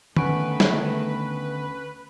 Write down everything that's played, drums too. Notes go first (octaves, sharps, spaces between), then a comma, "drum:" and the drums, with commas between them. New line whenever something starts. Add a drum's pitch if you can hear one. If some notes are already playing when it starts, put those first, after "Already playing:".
D2 D#3 A3 B3 C#4 B4 C#6 D7, drum: tom
drum: snare